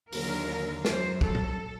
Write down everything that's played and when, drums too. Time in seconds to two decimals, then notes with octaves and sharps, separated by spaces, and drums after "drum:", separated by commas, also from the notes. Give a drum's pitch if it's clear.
0.12 D#2 D3 F#3 A#4, drum: open hi-hat
0.85 F#2 F#3 C5, drum: snare
1.21 A4, drum: kick
1.35 drum: tom